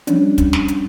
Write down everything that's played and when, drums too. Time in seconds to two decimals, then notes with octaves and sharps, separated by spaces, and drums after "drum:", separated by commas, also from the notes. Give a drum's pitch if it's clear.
0.07 F3 G3 C#4 D4, drum: hi-hat
0.38 drum: kick, hi-hat
0.53 drum: snare
0.68 drum: hi-hat